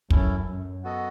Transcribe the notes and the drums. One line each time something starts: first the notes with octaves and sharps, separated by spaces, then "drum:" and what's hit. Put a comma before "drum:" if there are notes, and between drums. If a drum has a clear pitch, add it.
F#2 C#4 E4 A4, drum: kick
F#2
B3 F#4 A4 D#5